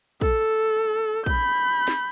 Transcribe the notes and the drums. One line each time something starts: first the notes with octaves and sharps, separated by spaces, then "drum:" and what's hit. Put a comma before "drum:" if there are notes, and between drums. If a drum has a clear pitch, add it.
A4, drum: kick
B5 G6, drum: kick
drum: snare